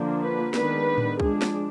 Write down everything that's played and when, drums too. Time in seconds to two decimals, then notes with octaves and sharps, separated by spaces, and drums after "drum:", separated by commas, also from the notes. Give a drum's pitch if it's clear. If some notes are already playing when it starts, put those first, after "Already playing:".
Already playing: D3 F3 A#3 D4
0.21 B4
0.54 D#3 G#3 B3 D4 B4, drum: snare
0.98 drum: tom A2
1.20 F3 G#3 D4 G#4, drum: kick C2
1.42 drum: snare